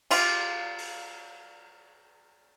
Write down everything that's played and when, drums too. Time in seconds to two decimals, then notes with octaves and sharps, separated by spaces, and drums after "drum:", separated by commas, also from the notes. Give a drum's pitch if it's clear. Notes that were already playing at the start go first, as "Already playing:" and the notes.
0.11 G3 F4, drum: cymbal
0.78 drum: open hi-hat